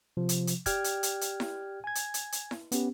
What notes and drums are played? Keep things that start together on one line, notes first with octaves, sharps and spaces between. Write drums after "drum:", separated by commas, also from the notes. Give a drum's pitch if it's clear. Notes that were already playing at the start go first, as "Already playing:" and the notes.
C3 F3
drum: hi-hat
drum: hi-hat
G4 D5 G5 F6 G#6, drum: kick, hi-hat
drum: hi-hat
drum: hi-hat
drum: hi-hat
drum: snare E4
G#5 G#6
drum: hi-hat
drum: hi-hat
drum: hi-hat
drum: snare E4
B3 C#4 G4, drum: hi-hat